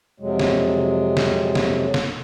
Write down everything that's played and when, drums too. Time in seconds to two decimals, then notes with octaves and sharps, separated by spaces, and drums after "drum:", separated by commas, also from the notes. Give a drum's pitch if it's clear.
0.20 F2 C3 F#3 G#3
0.39 drum: snare
1.17 drum: snare
1.55 drum: snare
1.94 drum: snare